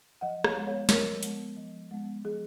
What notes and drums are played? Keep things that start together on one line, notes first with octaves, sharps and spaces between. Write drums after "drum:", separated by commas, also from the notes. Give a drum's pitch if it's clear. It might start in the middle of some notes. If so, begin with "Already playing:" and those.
F3 D#5 F#5
C#5 F5, drum: rim click
G#3 B3
C#5 F5
F3 A#4 C#5, drum: snare
G#3 B3, drum: hi-hat
F3
G#3 B3
F3 G#4